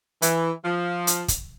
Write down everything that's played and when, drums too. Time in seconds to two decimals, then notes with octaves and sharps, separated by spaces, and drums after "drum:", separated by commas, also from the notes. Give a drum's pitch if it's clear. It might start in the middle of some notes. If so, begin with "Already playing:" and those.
0.22 E3, drum: hi-hat
0.65 F3
1.07 drum: hi-hat
1.28 drum: kick, hi-hat